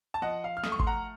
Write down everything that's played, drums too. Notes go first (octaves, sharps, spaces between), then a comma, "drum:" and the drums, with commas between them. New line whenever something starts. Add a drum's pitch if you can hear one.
A5
F3 D#5 F#5
F5
F6
A3 D#6, drum: snare
C#6
C6, drum: kick G#1
F#5 A#5